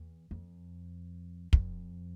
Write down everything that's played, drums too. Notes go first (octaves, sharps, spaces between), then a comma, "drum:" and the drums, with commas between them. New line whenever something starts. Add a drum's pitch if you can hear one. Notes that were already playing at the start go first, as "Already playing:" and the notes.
Already playing: E2
F2
F2, drum: kick